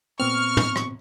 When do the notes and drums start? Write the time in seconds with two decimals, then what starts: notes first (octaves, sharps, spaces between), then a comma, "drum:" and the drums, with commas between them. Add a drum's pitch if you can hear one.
0.20 A#2 B3 C4 C#6 F6
0.57 drum: tom
0.76 drum: rim click